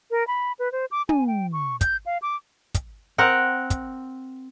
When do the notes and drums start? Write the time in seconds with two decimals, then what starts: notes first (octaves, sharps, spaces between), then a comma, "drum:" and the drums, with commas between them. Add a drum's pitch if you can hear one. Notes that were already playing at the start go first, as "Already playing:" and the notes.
0.11 A#4
0.28 B5
0.59 B4
0.72 C5
0.91 D6
1.09 G#5, drum: tom
1.28 G5
1.53 C#6
1.81 G6, drum: kick, hi-hat
2.06 F5
2.22 D6
2.74 drum: kick, hi-hat
3.18 C4 A#4 F#5
3.70 drum: kick, hi-hat